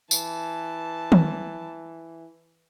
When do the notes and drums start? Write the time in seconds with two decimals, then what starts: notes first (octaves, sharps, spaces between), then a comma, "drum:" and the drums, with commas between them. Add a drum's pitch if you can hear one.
0.11 E3 A5, drum: tambourine
1.12 drum: tom D#3